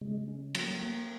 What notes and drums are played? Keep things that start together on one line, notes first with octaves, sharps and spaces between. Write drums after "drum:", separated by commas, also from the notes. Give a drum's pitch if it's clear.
C#3 G#3
C#4
F#3 A#3, drum: cymbal
A#3